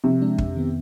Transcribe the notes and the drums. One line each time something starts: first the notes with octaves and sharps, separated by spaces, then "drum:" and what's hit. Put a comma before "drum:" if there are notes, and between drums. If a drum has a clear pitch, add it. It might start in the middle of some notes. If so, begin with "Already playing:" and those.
C3 F3
G#3 D4
F2, drum: kick
D#3 B3